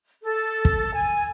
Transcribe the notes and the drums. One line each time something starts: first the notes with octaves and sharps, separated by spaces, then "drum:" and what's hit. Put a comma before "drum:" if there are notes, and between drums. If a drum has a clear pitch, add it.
A4
drum: kick
G#5